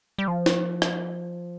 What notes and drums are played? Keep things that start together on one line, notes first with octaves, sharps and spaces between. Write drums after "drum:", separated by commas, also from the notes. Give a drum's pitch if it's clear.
G3
F3
drum: snare
drum: rim click